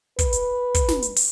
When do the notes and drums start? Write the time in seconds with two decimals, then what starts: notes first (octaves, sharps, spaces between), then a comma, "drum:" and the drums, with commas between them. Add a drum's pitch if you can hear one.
0.19 B4, drum: kick, hi-hat
0.33 drum: hi-hat
0.74 drum: kick, hi-hat
0.88 drum: snare
1.02 drum: hi-hat
1.16 drum: open hi-hat